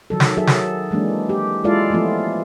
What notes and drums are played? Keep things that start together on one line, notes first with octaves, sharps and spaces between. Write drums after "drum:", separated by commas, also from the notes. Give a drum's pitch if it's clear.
D#3 F#3 A4
drum: snare
F#3 G#4 A4 E5
drum: snare
E3 G#3 A#3 D4
G4
G#3 E4 F4 A4 D5 F5
E3 F3 A3 B3 F4